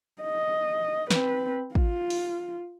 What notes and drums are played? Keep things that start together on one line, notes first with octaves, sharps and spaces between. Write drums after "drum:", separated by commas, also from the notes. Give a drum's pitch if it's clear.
D#5
C4 B4, drum: snare
F4, drum: kick
drum: open hi-hat